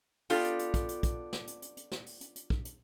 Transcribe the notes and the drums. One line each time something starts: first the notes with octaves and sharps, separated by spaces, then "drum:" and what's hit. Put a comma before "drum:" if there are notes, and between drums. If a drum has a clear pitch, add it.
B3 D4 F4 G4 A4, drum: open hi-hat
drum: hi-hat
drum: hi-hat
drum: kick, hi-hat
drum: hi-hat
drum: kick, hi-hat
drum: snare
drum: hi-hat
drum: hi-hat
drum: hi-hat
drum: snare
drum: open hi-hat
drum: hi-hat
drum: hi-hat
drum: kick
drum: hi-hat